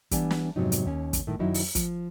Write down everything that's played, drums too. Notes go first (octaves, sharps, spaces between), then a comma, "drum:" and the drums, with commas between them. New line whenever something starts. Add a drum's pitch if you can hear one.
E3 G3 B3 D4 G#5, drum: kick, hi-hat
drum: snare
F2 G#2 C3 F#3 B3 D#4
drum: hi-hat
D#2 C#4
drum: kick, hi-hat
A2 D#3 A3
F#2 D#3 F#3 D#4 E4
drum: open hi-hat
F3, drum: kick, hi-hat